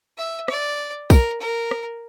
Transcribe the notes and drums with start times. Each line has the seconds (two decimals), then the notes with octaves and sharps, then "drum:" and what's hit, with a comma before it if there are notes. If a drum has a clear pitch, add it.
0.18 E5
0.48 D5, drum: rim click
1.10 A#4, drum: kick, tambourine
1.41 A#4
1.71 drum: rim click